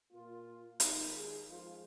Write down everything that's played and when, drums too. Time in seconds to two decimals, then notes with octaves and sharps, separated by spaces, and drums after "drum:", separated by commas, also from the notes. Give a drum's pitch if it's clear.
0.12 A#2 A#3 F4
0.80 D#2 D#3 G#3 D#4, drum: hi-hat
1.15 G#4
1.49 F2 F3 G#3 F4